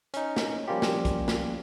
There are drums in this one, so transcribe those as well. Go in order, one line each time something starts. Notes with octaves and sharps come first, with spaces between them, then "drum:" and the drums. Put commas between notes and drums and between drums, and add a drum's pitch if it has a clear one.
C#4 D#4, drum: hi-hat
drum: snare
F3 G3 A#3 C#4 F4 G4
drum: snare
drum: kick, hi-hat
drum: snare